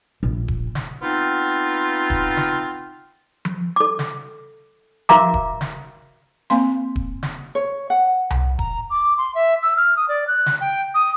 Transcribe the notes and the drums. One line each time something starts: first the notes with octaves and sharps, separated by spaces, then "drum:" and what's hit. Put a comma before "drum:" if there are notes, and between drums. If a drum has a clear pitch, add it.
A#1
drum: kick D#1
drum: snare
B3 C4 D#4 F4
drum: kick D#1
drum: snare
drum: tom F3
A4 D6
drum: snare
F#4 A#4 E5 F5 A#5 D6, drum: tom F3
drum: kick D#1
drum: snare
A#3 C4 F5 C6
drum: kick D#1
drum: snare
C#5
F#5
drum: tom C2
A#5, drum: kick D#1
D6
C6
E5
E6
F6
D#6
D5
F#6
drum: snare
G5
D#6